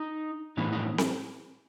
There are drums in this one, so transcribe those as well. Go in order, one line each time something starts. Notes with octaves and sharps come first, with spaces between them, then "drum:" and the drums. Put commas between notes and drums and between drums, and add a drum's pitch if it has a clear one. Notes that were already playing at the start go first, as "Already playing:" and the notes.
Already playing: D#4
A2 E3 B3 D#4
D#4
drum: snare C4